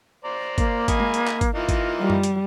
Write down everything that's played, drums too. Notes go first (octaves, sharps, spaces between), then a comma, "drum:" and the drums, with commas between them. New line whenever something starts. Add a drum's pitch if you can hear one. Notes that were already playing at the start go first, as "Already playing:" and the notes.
C5 D5 A#5
A#3, drum: kick, hi-hat
D#5 G#5 B5, drum: kick, hi-hat
drum: tom G#3
drum: hi-hat
drum: clap
drum: kick, hi-hat
E3 A#3 D#4 F4
drum: kick, hi-hat
G3
drum: tom F#2
drum: hi-hat